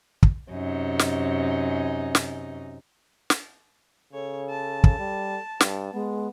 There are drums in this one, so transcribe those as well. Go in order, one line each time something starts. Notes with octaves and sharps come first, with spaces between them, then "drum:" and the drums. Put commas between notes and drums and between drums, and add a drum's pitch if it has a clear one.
drum: kick
F#2 C3 D#4
drum: snare
drum: snare
drum: snare
C#3 A4 C#5
A5
drum: kick
G3
G2, drum: snare
G#3 B3